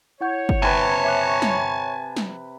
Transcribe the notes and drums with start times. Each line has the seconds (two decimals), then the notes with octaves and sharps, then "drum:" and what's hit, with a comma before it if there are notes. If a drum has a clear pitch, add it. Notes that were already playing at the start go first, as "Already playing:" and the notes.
0.21 E4 C#5 F#5 G6
0.49 drum: kick
0.62 C3 B4 G#5 A5
1.05 E5 D6 F#6
1.42 drum: snare
2.16 drum: snare